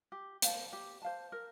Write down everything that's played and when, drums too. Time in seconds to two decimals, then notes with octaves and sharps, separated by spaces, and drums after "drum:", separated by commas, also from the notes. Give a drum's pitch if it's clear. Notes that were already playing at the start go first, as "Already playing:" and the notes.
0.12 G4
0.42 C5 F5 A5, drum: hi-hat
0.73 G4
1.02 C5 F5 A5
1.32 A#4